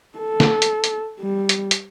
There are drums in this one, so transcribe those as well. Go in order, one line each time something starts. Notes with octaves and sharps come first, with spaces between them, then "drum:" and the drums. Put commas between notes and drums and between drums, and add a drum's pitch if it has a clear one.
A4
drum: snare
drum: hi-hat
drum: hi-hat
G3
drum: hi-hat
drum: hi-hat